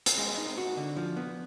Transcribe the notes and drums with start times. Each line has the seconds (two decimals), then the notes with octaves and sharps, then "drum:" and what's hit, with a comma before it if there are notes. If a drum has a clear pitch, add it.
0.06 drum: hi-hat
0.18 G#3
0.37 D#4
0.58 F#4
0.77 D3
0.96 F3
1.17 B3